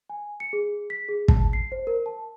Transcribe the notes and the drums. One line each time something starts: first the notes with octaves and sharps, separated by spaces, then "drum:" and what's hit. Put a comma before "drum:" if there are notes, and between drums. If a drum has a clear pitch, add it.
G#5
C#7
G#4
B6
G#4
A5, drum: kick
C7
C5
A#4
A5